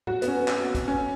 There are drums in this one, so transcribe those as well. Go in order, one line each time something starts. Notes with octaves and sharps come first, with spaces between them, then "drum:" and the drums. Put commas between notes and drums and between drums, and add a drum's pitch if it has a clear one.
F#4, drum: tom G#2
B3, drum: hi-hat
C#4
drum: clap
drum: kick, hi-hat
C#4